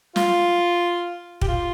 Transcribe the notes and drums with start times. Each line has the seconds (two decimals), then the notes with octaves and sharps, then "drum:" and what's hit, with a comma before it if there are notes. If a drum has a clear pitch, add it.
0.16 F4, drum: snare
1.41 G4, drum: kick
1.48 F4